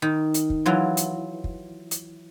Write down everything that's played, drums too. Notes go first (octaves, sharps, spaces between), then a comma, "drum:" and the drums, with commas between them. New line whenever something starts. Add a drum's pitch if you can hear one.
D#3
drum: hi-hat
drum: kick
E3 F#3 F4
drum: hi-hat
drum: kick
drum: hi-hat